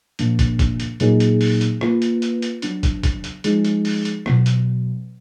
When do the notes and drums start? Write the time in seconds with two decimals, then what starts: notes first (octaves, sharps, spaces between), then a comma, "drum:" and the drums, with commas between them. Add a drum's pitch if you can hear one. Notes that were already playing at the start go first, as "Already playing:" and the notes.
0.19 A#2 F3 A#3 D4, drum: hi-hat
0.39 drum: kick, hi-hat
0.59 drum: kick, hi-hat
0.80 drum: hi-hat
1.00 A#2 F#3 A#3 D#4 G#4, drum: hi-hat
1.20 drum: hi-hat
1.41 drum: open hi-hat
1.61 drum: hi-hat
1.81 A#3 F4 B4, drum: rim click
2.02 drum: hi-hat
2.22 drum: hi-hat
2.42 drum: hi-hat
2.62 F#3 B3 D4, drum: hi-hat
2.83 drum: kick, hi-hat
3.03 drum: kick, hi-hat
3.24 drum: hi-hat
3.44 F3 G#3 D#4 G#4, drum: hi-hat
3.65 drum: hi-hat
3.85 drum: open hi-hat
4.05 drum: hi-hat
4.26 B2 F#3 B3, drum: rim click
4.46 drum: hi-hat